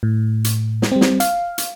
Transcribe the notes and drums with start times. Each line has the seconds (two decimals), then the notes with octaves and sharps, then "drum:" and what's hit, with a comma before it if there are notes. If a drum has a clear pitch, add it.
0.03 A2
0.44 drum: hi-hat
0.82 drum: snare
0.92 G3 C4
1.01 drum: snare
1.20 F5, drum: hi-hat
1.58 drum: hi-hat